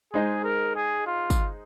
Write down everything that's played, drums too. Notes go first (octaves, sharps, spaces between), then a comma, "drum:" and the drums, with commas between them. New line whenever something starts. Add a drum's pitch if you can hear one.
G#3 D#4 G#4 C5 D#5
A#4
G#4
F4
drum: kick, tambourine